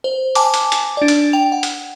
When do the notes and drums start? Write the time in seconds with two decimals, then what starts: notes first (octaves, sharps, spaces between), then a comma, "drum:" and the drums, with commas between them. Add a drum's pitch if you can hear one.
0.04 C5
0.35 G#5 A5 D6, drum: hi-hat
0.54 drum: hi-hat
0.72 drum: hi-hat
0.97 D4 D5
1.08 drum: hi-hat
1.33 G5 F7
1.52 F#5
1.63 drum: hi-hat